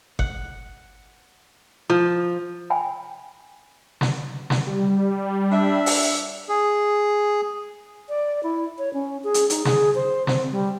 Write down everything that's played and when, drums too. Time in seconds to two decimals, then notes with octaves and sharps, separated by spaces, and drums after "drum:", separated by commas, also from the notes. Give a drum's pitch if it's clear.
0.19 F#5, drum: kick G1
1.90 F3
2.70 G5 G#5 B5
4.01 drum: snare
4.50 drum: snare
4.67 G3
5.51 D4 E5
5.86 drum: open hi-hat
6.49 G#4
8.09 D5
8.43 E4
8.78 C#5
8.94 C#4
9.24 G#4
9.34 drum: hi-hat
9.50 D#4, drum: hi-hat
9.65 G#4, drum: snare
9.95 C5
10.27 C4, drum: snare
10.52 G3